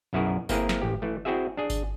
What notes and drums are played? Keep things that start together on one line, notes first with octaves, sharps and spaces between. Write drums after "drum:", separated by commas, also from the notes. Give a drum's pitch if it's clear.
B1 F#2 E4 F#4 G#4 A#4
A#3 C4 E4 G#4 A#4 B4, drum: kick G1, tambourine
drum: snare
A1 G4
E3 A3
C4 E4 F#4 G#4 E5
D4 G#4
drum: kick G1, tambourine